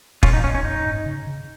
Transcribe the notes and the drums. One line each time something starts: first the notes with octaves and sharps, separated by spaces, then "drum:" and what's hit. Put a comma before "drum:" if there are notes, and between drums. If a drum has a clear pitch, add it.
A#2 C#4 F4, drum: kick
D#4
C#4
C#4
F2 D#4
G#2
C#3
C#3